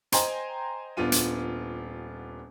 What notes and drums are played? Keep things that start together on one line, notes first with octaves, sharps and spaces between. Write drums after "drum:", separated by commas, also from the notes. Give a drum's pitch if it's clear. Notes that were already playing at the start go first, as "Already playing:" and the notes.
C5 D#5 G5 G#5 A#5 C6, drum: hi-hat
D#1 B3 D4 F4 D#7
drum: hi-hat